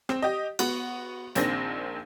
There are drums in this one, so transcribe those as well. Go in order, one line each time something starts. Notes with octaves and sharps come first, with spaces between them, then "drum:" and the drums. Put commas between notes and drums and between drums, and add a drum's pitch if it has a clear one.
C4, drum: rim click
G4 D#5
B3 F#4, drum: cymbal
A#1 D#3 C4 D4 A#6, drum: hi-hat